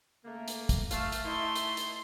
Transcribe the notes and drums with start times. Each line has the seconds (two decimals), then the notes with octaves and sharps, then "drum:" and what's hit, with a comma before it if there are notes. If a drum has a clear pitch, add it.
0.25 C#3 A3 A#3
0.48 drum: hi-hat
0.69 drum: kick, hi-hat
0.91 A3 F5, drum: hi-hat
1.12 drum: hi-hat
1.25 D#4 E4 C6
1.56 drum: hi-hat
1.77 drum: hi-hat